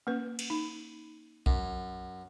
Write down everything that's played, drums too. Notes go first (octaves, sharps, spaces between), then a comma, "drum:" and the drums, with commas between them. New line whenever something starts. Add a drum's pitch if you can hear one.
A#3 C#4 B4
drum: cymbal
D#4
F#2, drum: kick B1